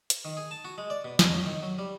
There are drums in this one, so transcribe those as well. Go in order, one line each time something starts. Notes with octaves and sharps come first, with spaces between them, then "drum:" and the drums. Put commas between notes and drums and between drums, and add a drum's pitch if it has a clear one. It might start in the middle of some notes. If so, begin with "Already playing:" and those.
drum: hi-hat
D#3
G#4
A5
F#4
G#3
D5
B2
F2, drum: snare
F#3
D#3
F#3
G3